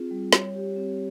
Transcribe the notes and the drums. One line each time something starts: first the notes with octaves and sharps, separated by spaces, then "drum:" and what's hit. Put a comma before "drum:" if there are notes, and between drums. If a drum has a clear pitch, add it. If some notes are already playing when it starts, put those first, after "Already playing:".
Already playing: C4 F4 G#4
G3
C#5, drum: snare
G4
C4